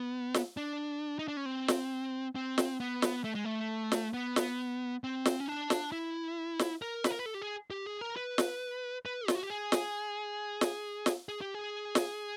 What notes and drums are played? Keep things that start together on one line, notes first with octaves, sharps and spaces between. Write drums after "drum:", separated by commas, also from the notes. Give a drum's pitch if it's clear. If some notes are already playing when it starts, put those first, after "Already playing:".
Already playing: B3
drum: snare
D4
D#4
D4
C#4
C4
drum: snare
C4
drum: snare
B3
drum: snare
A3
G#3
A3
drum: snare
B3
drum: snare
C4
drum: snare
C#4
D4
drum: snare
E4
drum: snare
A#4
B4, drum: snare
A#4
B4
A4
G4
G#4
G4
G#4
A#4
B4
drum: snare
B4
F4, drum: snare
F#4
G4
G#4
drum: snare
drum: snare
drum: snare
G#4
G4
G#4
drum: snare